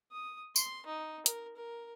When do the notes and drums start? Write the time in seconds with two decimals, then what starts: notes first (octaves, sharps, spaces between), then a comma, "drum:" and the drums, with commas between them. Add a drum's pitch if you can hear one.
0.12 D#6
0.56 C6, drum: tambourine
0.86 D#4
1.26 A#4, drum: hi-hat
1.56 A#4